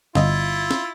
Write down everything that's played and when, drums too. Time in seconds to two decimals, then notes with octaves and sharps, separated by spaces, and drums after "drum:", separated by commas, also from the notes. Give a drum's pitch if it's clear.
0.15 G1 E4 F4 D#5, drum: snare
0.71 drum: snare